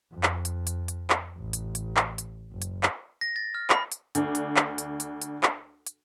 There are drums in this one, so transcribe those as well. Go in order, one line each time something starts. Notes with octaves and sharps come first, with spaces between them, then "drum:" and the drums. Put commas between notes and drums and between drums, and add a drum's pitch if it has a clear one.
F2
drum: clap
drum: hi-hat
drum: hi-hat
drum: hi-hat
drum: clap
A1
drum: hi-hat
drum: hi-hat
drum: clap
drum: hi-hat
F#1
drum: hi-hat
drum: clap
A#6
A6
F6
B5, drum: clap
drum: hi-hat
D2 D4, drum: hi-hat
drum: hi-hat
drum: clap
drum: hi-hat
drum: hi-hat
drum: hi-hat
drum: clap
drum: hi-hat